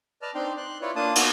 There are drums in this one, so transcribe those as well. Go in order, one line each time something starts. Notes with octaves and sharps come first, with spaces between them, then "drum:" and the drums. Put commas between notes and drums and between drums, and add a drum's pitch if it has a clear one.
B4 D5 D#5 A5 F6
C4 D4 D#4 D5 G5 C6
C6 F#6
E4 F4 B4 C#5 D5
A#3 D4 F4 A5 D#6
B3 D#4 F#4 A#4 B4 D#6, drum: cymbal